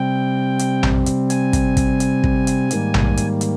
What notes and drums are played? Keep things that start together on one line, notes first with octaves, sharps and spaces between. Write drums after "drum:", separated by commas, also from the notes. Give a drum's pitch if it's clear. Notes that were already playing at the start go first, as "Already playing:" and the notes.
Already playing: C3 G3 C4 G5
drum: hi-hat
drum: tom A#1
drum: hi-hat
G#5, drum: hi-hat
drum: kick, hi-hat
drum: kick, hi-hat
drum: hi-hat
drum: kick
drum: hi-hat
G#2 D#3 G3 A#3, drum: hi-hat
drum: tom A#1
drum: hi-hat
drum: hi-hat